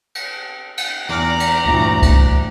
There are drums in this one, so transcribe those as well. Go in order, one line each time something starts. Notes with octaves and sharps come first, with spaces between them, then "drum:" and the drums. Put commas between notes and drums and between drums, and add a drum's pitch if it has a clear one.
drum: cymbal
drum: cymbal
E2 D5 A#5 F6
drum: cymbal
D2 G2 A#2 E3
drum: kick C2, cymbal